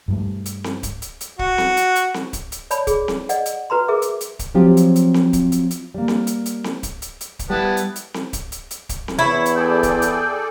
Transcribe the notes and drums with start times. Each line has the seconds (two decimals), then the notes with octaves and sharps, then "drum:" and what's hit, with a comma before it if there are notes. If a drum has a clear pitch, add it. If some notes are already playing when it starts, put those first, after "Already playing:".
0.08 G2 G3 A3
0.46 drum: hi-hat
0.64 drum: snare C4
0.83 drum: kick C#1, hi-hat
1.02 drum: hi-hat
1.21 drum: hi-hat
1.39 F#4, drum: kick C#1
1.58 drum: snare C4
1.77 drum: hi-hat
1.96 drum: hi-hat
2.14 drum: snare C4
2.33 drum: kick C#1, hi-hat
2.52 drum: hi-hat
2.71 C#5 D5 A5 B5, drum: hi-hat
2.87 G#4, drum: kick C#1, hi-hat
3.08 drum: snare C4
3.29 D5 D#5 F#5, drum: hi-hat
3.46 drum: hi-hat
3.70 F#4 B4 A#5 C6
3.88 G#4 A#4 E5 D6
4.02 drum: hi-hat
4.21 drum: hi-hat
4.39 drum: kick C#1, hi-hat
4.54 F3 F#3 C4 F4 G4
4.77 drum: hi-hat
4.96 drum: hi-hat
5.14 drum: snare C4
5.33 drum: kick C#1, hi-hat
5.52 drum: hi-hat
5.71 drum: hi-hat
5.94 G3 A#3
6.08 drum: snare C4
6.27 drum: hi-hat
6.46 drum: hi-hat
6.64 drum: snare C4
6.83 drum: kick C#1, hi-hat
7.02 drum: hi-hat
7.21 drum: hi-hat
7.39 drum: kick C#1, hi-hat
7.50 G3 B3 E4 A5
7.77 drum: hi-hat
7.96 drum: hi-hat
8.14 drum: snare C4
8.33 drum: kick C#1, hi-hat
8.52 drum: hi-hat
8.71 drum: hi-hat
8.89 drum: kick C#1, hi-hat
9.08 drum: snare C4
9.19 E2 E4 C#5
9.46 drum: hi-hat
9.56 G#4 A4 D5 G5
9.83 drum: kick C#1, hi-hat
10.02 drum: hi-hat